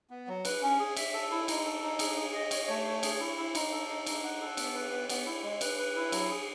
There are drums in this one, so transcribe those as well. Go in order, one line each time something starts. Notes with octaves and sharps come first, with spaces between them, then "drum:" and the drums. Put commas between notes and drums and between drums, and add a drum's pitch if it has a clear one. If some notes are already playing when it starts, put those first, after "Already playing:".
B3
F#3
B4, drum: cymbal
C#4
G#4
E5, drum: cymbal
A4
E4
D#4, drum: cymbal
A4
D#4
G#4, drum: cymbal
G#4
D#5
C#5, drum: cymbal
A3
C#5
G#4, drum: cymbal
E4
E4
D#4, drum: cymbal
A4
D#4
D#4, drum: cymbal
F#5
A4
B3, drum: cymbal
B4
B3
B3, drum: cymbal
E4
G#3
B4, drum: cymbal
B4
E4
F#3, drum: cymbal
G#4